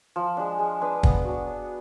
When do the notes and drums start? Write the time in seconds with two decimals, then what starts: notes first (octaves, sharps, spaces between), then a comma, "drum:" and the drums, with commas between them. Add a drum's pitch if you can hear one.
0.16 F3
0.37 G#3 D4
0.59 G#3
0.81 D4 G#4 B4
1.03 B3, drum: kick
1.25 D4 F#4
1.47 D4